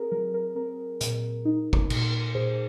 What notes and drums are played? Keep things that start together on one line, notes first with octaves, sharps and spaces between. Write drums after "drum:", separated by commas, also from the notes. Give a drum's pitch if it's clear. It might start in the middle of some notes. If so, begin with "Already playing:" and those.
Already playing: C4 G#4 A#4
F#3 A#4
A#4
C4 A#4
A#2, drum: hi-hat
D#4
drum: kick
A#2, drum: cymbal
A#2 G#4 C5